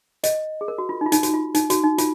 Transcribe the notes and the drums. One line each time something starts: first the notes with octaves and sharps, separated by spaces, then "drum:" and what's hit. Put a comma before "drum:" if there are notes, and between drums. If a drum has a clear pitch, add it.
D#5, drum: hi-hat
G#4
A#4
F#4
F4
D#4
F4
D#4, drum: hi-hat
F#4, drum: hi-hat
F4
D#4, drum: hi-hat
F#4, drum: hi-hat
D#4
F4, drum: hi-hat